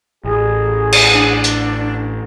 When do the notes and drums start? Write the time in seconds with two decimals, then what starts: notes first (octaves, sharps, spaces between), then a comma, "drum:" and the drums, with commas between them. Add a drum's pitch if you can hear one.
0.25 A1 G#4
0.92 drum: cymbal
1.14 D4
1.44 drum: hi-hat